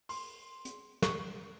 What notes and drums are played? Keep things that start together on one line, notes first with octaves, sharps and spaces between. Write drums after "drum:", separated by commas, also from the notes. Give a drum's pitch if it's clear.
C6, drum: open hi-hat
drum: hi-hat
C#6, drum: snare